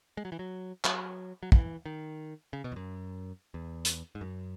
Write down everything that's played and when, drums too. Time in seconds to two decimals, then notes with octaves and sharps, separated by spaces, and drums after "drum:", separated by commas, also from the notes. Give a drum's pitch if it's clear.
0.17 G#3
0.25 F#3
0.32 E3
0.39 F#3
0.84 F#3, drum: clap
1.43 F#3
1.52 E3, drum: kick
1.86 D#3
2.53 C#3
2.64 B2
2.72 E2
2.76 F#2
3.54 E2
3.85 drum: hi-hat
4.15 G#2
4.21 F#2